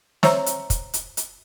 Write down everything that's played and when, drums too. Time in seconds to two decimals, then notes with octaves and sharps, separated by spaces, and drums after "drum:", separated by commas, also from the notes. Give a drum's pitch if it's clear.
0.23 C5 C#5 E5 A#5, drum: snare
0.46 drum: hi-hat
0.70 drum: kick, hi-hat
0.94 drum: hi-hat
1.17 drum: hi-hat